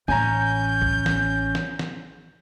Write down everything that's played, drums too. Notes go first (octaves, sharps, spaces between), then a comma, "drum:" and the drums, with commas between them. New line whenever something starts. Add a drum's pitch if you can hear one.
A1 C#4 G#5 A#5 G6
drum: kick B1
drum: snare
drum: snare
drum: snare